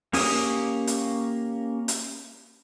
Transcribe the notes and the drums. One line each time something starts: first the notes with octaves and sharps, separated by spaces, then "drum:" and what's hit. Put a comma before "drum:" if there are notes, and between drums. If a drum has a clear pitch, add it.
A#3 C#4 G4 D#6, drum: open hi-hat
drum: hi-hat
drum: hi-hat